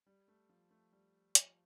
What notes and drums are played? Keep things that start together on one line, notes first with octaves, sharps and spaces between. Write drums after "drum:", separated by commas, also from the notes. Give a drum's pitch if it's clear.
G3
A3
F3
A3
G3
F3, drum: hi-hat